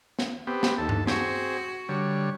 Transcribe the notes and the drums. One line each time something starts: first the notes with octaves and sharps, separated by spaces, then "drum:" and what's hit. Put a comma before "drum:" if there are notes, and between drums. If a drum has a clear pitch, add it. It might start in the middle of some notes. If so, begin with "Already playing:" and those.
drum: snare
B3 C4 G4
drum: snare
D#2 A4
drum: tom G2
C4 F#4 G#4, drum: snare
D3 G3 C#5